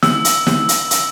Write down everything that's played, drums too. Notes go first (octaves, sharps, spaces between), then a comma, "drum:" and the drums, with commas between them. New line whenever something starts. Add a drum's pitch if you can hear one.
E6, drum: snare
drum: hi-hat
drum: snare
drum: hi-hat
drum: hi-hat